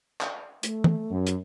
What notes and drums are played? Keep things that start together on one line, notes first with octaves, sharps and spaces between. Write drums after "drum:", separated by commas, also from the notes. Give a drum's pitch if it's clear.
drum: clap
A3, drum: hi-hat
drum: tom
F#2
drum: hi-hat